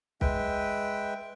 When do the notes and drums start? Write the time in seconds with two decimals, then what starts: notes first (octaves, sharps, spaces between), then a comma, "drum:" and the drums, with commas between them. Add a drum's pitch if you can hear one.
0.21 G#3 B4 E5 G5, drum: kick